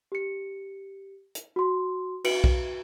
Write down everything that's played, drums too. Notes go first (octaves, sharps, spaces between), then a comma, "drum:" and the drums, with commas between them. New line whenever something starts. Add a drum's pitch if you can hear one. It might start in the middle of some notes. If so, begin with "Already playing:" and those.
G4 C#7
drum: hi-hat
F#4 C6
F#4 B4 C#7 D7 F#7, drum: cymbal
drum: kick B1